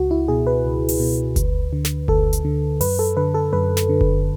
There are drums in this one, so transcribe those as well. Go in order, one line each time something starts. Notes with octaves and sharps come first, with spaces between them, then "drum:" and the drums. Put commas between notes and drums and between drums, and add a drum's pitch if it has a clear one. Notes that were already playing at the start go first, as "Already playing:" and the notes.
Already playing: C#2 F#4
E4
B2 G#4
B4
C#2
drum: open hi-hat
B2
D2, drum: kick F#1, hi-hat
D3
drum: snare
D2 A4, drum: kick F#1
drum: hi-hat
D3
F#2 B4, drum: open hi-hat
A4
D3 B4
A4
F#2 B4
drum: snare
D3
drum: kick F#1